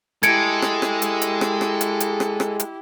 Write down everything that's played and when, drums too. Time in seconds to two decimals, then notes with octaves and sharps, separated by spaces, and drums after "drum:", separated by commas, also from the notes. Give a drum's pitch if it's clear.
0.23 G#3 E4 G4 A4 G#6 C#7 D7, drum: hi-hat
0.62 drum: rim click
0.82 drum: rim click
1.02 drum: hi-hat
1.22 drum: hi-hat
1.41 drum: rim click
1.61 drum: rim click
1.81 drum: hi-hat
2.00 drum: hi-hat
2.20 drum: rim click
2.40 drum: rim click
2.60 drum: hi-hat